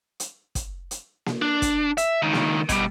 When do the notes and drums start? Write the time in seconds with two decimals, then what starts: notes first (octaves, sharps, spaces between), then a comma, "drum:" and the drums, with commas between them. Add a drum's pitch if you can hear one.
0.20 drum: hi-hat
0.55 drum: kick, hi-hat
0.91 drum: hi-hat
1.26 drum: snare A#3
1.42 D4
1.62 drum: kick, hi-hat
1.97 E5, drum: hi-hat
2.22 C#2 D#3
2.33 drum: snare A#3
2.69 B2 G3, drum: kick, hi-hat